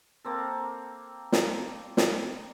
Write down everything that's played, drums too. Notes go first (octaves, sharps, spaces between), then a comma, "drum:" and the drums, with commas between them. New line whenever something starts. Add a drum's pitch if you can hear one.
A#3 C4 A4
drum: snare
drum: snare